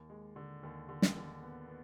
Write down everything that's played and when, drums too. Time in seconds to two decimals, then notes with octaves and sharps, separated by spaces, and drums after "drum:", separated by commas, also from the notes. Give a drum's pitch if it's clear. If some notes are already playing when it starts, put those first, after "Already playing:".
Already playing: D#2
0.10 G#3
0.36 D3
0.63 D#2
0.89 D3
1.02 drum: snare
1.16 D#2
1.43 B3
1.68 B3